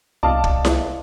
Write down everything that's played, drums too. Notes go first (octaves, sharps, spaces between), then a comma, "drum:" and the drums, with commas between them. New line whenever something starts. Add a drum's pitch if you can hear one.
C2 D5 D#5 F5 A5
drum: kick
drum: snare E4